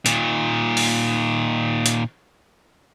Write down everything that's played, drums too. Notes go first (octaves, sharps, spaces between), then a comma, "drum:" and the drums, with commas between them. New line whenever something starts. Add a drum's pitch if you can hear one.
A#2 D#3, drum: hi-hat
drum: open hi-hat
drum: hi-hat